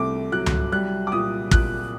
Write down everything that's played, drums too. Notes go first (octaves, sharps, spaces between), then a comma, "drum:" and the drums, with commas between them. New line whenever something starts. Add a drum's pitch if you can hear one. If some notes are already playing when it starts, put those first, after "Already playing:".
Already playing: C2 C3 A3 D6
F#3 F#6
drum: tom C#2
G3 F#6
D6
A#2 D#6
A#2 F#6, drum: kick